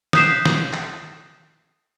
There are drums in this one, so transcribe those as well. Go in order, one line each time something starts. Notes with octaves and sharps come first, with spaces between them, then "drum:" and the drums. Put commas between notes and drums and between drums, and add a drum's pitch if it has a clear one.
D#6 F#6 G6 B6 C7 E7, drum: snare
drum: snare
drum: clap